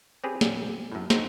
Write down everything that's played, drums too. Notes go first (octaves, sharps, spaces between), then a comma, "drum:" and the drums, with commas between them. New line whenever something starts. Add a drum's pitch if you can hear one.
C4 C#4 G4 G#4 B4
A#1 F#3 G3, drum: snare
F#2 A2
C4 D#4 F#4 A4 C5, drum: snare